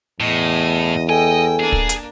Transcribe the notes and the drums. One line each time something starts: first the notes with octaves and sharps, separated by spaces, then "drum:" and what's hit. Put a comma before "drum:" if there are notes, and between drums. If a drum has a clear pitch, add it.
E2 A2 D#5
A4 D#5 G5 G#5
A#3 D4 G#4
drum: kick
drum: hi-hat